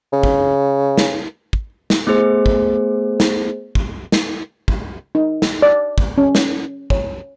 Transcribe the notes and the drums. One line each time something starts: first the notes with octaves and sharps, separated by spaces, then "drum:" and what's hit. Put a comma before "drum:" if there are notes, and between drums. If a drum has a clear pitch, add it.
C#3
drum: kick
drum: snare
drum: kick
drum: snare
A3 B3 G#4 C5
drum: kick
drum: snare
drum: kick
drum: snare
drum: kick
D#4
drum: snare
D5
drum: kick
C#4
drum: snare
C#5, drum: kick